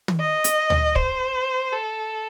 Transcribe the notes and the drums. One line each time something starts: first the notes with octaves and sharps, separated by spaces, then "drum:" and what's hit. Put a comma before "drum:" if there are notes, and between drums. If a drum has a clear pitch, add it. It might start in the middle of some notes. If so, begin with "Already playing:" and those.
drum: tom
D#5
drum: hi-hat
drum: tom D2
C5, drum: kick
A4